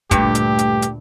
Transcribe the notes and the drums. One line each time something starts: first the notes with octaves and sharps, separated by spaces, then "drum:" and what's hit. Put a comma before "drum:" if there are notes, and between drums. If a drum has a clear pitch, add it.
D2 G2 A#2 A3 G4, drum: kick, hi-hat
drum: hi-hat
drum: hi-hat
drum: hi-hat